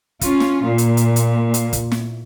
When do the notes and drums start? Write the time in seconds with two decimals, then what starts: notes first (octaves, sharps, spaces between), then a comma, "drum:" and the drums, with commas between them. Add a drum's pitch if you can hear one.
0.21 C#4 F4, drum: kick, hi-hat
0.40 drum: snare
0.64 A#2
0.78 drum: hi-hat
0.97 drum: hi-hat
1.16 drum: hi-hat
1.54 drum: hi-hat
1.73 drum: kick, hi-hat
1.92 drum: snare